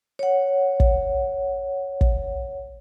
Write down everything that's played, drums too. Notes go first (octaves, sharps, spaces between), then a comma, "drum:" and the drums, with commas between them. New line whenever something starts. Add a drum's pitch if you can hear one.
C#5 F#5
drum: kick
drum: kick